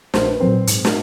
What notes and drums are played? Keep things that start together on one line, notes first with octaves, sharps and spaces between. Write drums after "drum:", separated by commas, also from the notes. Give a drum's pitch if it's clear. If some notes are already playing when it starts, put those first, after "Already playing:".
A#1 C5, drum: snare
B4
A#2 F#3 A#3 C4 C5
G#2, drum: hi-hat
drum: snare